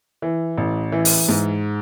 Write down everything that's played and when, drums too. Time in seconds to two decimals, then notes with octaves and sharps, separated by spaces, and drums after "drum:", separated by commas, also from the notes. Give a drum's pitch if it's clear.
0.22 E3
0.58 A1
0.92 E3
1.05 drum: open hi-hat
1.28 G#2